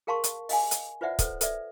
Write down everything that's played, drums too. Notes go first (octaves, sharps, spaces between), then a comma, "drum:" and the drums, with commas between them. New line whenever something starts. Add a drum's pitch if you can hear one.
G#4 A#4 F5 A5 C6 C#6
drum: hi-hat
D#5 F5 G#5, drum: open hi-hat
drum: hi-hat
F4 B4 C5 D5 E5 F#5
A4 B4 C5, drum: kick, hi-hat
A4 B4 D5 E5, drum: hi-hat